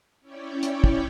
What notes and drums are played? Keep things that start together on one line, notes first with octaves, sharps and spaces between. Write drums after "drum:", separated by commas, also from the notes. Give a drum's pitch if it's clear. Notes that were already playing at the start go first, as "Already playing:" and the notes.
C#4 E4 C#5 D5 G5
drum: hi-hat
drum: kick